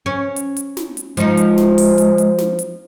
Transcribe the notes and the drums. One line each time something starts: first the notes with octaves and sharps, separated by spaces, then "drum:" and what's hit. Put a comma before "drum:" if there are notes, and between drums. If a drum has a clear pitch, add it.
C#4
drum: hi-hat
drum: hi-hat
drum: snare
drum: hi-hat
F3 G#3 D#4, drum: hi-hat
drum: hi-hat
drum: snare
drum: open hi-hat
drum: hi-hat
drum: hi-hat
drum: snare
drum: hi-hat